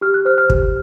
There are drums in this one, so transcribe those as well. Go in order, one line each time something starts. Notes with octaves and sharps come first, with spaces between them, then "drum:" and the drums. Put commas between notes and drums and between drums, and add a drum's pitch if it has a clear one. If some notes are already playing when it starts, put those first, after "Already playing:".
G4 F6
F#6
C5 F6
F6
G4, drum: kick